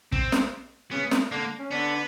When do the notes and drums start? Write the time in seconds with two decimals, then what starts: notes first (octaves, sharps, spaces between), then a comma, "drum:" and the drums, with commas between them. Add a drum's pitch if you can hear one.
0.12 C4, drum: kick
0.32 drum: snare
0.91 C#3 B3 C#4
1.11 drum: snare
1.31 D3 A#3 D4
1.59 C#4
1.71 D3 B3 D4